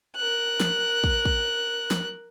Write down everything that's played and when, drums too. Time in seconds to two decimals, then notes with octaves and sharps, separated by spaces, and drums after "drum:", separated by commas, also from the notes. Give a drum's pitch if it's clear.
0.17 A#4 F#6
0.60 drum: snare
1.04 drum: kick
1.25 drum: kick
1.91 drum: snare